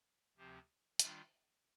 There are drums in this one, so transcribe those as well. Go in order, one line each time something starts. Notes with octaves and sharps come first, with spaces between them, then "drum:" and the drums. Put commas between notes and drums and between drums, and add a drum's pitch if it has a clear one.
D2 C3 F3 C4 G4
D#3 G3 D4 F4, drum: hi-hat